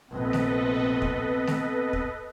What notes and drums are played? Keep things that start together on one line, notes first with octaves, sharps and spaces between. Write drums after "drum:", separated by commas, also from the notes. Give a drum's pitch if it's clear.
A#1 C3 B3 C4 A4 B4 D#5
drum: snare A3
drum: kick
drum: snare A3
drum: kick